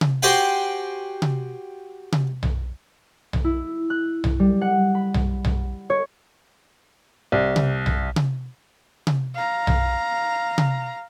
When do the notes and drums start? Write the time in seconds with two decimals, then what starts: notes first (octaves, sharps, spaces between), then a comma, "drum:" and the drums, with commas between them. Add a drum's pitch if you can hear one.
0.01 drum: tom C3
0.23 F#4 G4 C5 G5 G#5
1.22 drum: tom C3
2.12 drum: tom C3
2.43 drum: tom B1
3.33 drum: tom B1
3.44 E4
3.90 F#6
4.24 drum: tom B1
4.40 G3
4.61 F#5
4.95 B5
5.14 drum: tom B1
5.44 drum: tom B1
5.90 C#5
7.32 C2
7.56 drum: tom C3
7.86 drum: tom B1
8.16 drum: tom C3
9.07 drum: tom C3
9.34 F5 A#5
9.67 drum: tom B1
10.58 drum: tom C3